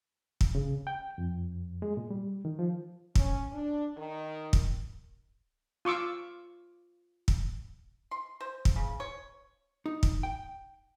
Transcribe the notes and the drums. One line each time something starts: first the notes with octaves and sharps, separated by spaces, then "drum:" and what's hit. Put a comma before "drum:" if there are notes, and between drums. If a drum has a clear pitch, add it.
drum: kick
C#3
G5
F2
G#3
A#2
G3
D#3
F3
C#4, drum: kick
D4
D#3
drum: kick
F4 C#6 D6 E6
drum: kick
C6
C5
drum: kick
C#3
C#5
D#4
drum: kick
G5